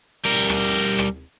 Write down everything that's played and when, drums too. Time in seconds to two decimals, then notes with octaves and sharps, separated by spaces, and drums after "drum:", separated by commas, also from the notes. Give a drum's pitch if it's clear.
0.25 G3 A#4
0.49 drum: rim click
0.98 drum: rim click